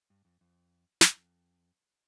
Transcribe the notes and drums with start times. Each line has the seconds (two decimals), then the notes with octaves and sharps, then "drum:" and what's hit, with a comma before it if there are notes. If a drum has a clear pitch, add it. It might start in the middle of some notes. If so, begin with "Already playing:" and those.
0.10 G2
0.25 F2
0.41 F2
1.01 G2, drum: snare
1.17 F2